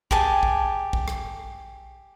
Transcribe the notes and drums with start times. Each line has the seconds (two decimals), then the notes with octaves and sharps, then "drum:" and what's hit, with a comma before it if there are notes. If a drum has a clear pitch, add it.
0.11 G4 G#4 G#5 A5, drum: kick A#1
0.43 drum: kick A#1
0.93 drum: kick A#1
1.08 drum: rim click